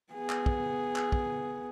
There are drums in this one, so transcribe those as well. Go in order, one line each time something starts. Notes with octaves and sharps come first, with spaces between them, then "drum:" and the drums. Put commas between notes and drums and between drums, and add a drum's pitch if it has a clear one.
B3 G#4
drum: clap
drum: kick
drum: clap
drum: kick